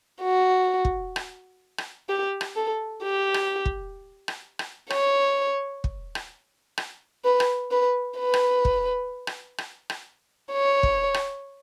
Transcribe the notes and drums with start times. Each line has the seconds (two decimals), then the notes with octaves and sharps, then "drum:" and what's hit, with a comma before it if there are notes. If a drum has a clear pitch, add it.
0.22 F#4
0.85 drum: kick
1.16 drum: rim click
1.78 drum: rim click
2.09 G4
2.41 drum: rim click
2.56 A4
3.03 G4
3.34 drum: rim click
3.66 drum: kick
4.28 drum: rim click
4.59 drum: rim click
4.90 C#5, drum: rim click
5.84 drum: kick
6.15 drum: rim click
6.78 drum: rim click
7.24 B4
7.40 drum: rim click
7.71 B4
8.18 B4
8.34 drum: rim click
8.65 drum: kick
9.27 drum: rim click
9.58 drum: rim click
9.90 drum: rim click
10.52 C#5
10.83 drum: kick
11.14 drum: rim click